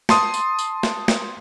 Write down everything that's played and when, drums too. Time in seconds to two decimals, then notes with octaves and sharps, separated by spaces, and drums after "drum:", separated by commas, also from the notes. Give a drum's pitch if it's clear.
0.09 A5 C6 D#6, drum: snare
0.34 drum: tambourine
0.59 drum: tambourine
0.83 drum: snare
1.08 drum: snare